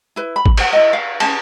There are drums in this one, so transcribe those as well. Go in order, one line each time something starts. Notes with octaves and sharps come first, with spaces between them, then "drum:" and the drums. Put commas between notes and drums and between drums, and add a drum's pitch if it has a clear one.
E4 B4
B5
drum: kick G#1
C5 F#5, drum: cymbal
E4 D#5
F5
C#4 A5, drum: cymbal